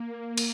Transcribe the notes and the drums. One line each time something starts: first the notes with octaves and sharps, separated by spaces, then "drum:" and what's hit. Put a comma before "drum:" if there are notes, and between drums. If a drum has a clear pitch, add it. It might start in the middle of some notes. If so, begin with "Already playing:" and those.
Already playing: A#3
drum: cymbal